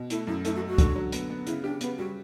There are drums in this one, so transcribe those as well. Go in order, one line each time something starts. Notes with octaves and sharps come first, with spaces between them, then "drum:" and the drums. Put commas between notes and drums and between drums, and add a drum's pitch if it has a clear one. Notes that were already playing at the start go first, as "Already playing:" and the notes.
Already playing: B2
A3 E4, drum: hi-hat
F#2 E4
A3 E4, drum: hi-hat
F#4
A3
F#4
D3, drum: kick C2, hi-hat
F#3
B3, drum: hi-hat
B3
C#3 E4, drum: hi-hat
D4 G4
C#3 B3, drum: hi-hat
G3 F#4